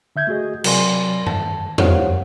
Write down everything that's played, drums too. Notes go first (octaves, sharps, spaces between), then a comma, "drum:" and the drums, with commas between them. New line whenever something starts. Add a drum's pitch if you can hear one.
D3 E5 G6 G#6
A3 F#4 G#4 D#5
C3 F#3 A#4 D5 G#5 C6, drum: cymbal
G2 A5, drum: tom G2
G4 A#4 C5 C#5 F5 F#5, drum: tom